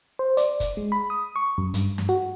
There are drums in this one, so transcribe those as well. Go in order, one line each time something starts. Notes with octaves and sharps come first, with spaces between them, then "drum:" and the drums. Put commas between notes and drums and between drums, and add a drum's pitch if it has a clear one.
C5
D5, drum: hi-hat
drum: kick, hi-hat
G#3
B5
D#6
C#6
F#2
G2, drum: hi-hat
drum: snare
F#4